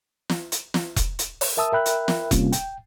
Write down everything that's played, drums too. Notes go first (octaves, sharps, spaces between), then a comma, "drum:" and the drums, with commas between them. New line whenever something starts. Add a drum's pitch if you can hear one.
drum: snare
drum: hi-hat
drum: snare
drum: kick E1, hi-hat
drum: hi-hat
drum: open hi-hat
A#4 E5 A5 D#6 E6
A#4 E5 G5 B5 F#6
drum: hi-hat
drum: snare
C3 G3 A#3 C4 C#4 F4, drum: kick E1, hi-hat
G5, drum: hi-hat